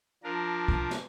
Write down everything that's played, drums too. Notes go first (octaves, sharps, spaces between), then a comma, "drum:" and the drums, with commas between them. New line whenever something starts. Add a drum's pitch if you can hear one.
F3 D4 A#4
drum: kick
drum: snare